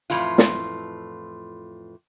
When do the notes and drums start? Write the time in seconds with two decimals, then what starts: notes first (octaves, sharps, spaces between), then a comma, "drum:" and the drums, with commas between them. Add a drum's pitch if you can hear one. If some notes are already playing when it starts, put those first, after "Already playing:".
0.10 F2 A2 E3 F4
0.38 drum: snare